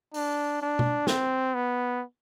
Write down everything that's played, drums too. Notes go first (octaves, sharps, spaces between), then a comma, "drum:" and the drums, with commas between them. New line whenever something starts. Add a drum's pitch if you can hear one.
D4, drum: open hi-hat
D4
drum: tom B2
C4, drum: snare
B3